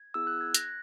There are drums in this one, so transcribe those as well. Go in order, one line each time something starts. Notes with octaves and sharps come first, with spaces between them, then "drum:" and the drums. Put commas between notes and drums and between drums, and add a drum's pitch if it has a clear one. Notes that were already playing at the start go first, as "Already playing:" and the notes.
Already playing: G#6
B3 E4 G#4 E6
F#6
G#6
F#6 A#6, drum: hi-hat